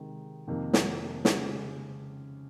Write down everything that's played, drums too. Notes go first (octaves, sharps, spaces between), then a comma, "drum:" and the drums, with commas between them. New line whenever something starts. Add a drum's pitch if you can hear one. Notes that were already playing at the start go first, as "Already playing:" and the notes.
Already playing: C3 D#3 G#3
F2 C3 D#3 A#3 D#4
drum: snare
C#3 G#3 C#4 G4, drum: snare